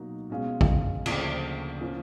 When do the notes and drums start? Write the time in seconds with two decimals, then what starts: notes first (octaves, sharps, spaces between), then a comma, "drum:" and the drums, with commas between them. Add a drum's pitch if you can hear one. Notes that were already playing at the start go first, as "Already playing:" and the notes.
Already playing: B2 F#3 A#3 D#4 F#4
0.30 B2 G#3 C#4 F4
0.61 drum: kick A1
1.06 D2 C#3 F3 A#3, drum: cymbal
1.81 F3 A#3 C#4